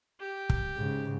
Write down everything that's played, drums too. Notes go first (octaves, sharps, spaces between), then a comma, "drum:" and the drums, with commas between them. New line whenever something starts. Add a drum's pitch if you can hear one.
G4
drum: kick
G#2 C#3